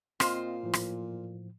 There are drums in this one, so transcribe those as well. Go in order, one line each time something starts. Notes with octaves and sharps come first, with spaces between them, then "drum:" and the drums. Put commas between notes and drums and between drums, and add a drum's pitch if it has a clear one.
A#2 C4 F4 C5 D#5 F5, drum: rim click
A2 F3
drum: rim click